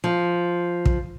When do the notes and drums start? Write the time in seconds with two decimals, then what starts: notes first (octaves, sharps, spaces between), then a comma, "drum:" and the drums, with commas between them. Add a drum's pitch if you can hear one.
0.04 F3
0.86 drum: kick